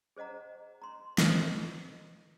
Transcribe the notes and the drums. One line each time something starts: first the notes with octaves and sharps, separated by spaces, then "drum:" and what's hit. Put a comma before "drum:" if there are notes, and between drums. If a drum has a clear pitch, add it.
G#4 C5 D#5 F#5 A#5
A#5 C6
A4 B4 D#5, drum: snare